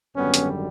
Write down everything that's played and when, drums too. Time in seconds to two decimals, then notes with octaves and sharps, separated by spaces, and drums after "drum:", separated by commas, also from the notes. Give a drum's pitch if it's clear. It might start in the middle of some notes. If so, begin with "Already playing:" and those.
0.16 G#1 F#2 D3 G3 B3 C#4
0.34 drum: hi-hat